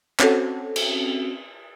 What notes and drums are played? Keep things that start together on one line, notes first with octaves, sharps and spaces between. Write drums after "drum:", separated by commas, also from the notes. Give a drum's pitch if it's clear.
C4 C#4 F#4 A4, drum: clap
drum: cymbal